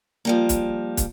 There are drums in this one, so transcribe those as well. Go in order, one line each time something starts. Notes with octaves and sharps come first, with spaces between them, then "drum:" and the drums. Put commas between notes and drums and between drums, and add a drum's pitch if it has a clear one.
F3 G3 A#3
drum: kick, hi-hat
drum: kick, hi-hat